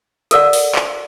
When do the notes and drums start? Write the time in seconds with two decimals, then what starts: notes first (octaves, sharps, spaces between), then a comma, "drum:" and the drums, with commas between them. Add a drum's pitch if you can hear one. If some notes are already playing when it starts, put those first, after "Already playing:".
0.31 A4 A#4 D5 F#5, drum: hi-hat
0.53 drum: open hi-hat
0.75 drum: clap